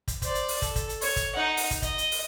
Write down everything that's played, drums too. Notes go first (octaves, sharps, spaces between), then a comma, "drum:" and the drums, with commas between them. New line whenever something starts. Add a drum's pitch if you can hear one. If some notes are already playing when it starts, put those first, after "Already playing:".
drum: kick, hi-hat
C5 D5, drum: kick, hi-hat
drum: hi-hat
drum: open hi-hat
A4, drum: kick, hi-hat
drum: kick, hi-hat
drum: hi-hat
C#5, drum: open hi-hat
drum: kick, hi-hat
D#4 F#5
drum: open hi-hat
drum: kick, hi-hat
D#5, drum: kick, hi-hat
drum: hi-hat
drum: open hi-hat